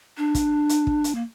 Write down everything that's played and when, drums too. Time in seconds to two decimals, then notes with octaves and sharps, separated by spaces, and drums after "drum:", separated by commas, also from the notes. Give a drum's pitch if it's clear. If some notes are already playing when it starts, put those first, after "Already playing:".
0.18 D4
0.35 drum: kick, hi-hat
0.69 drum: hi-hat
0.87 drum: kick
1.04 drum: hi-hat
1.15 A#3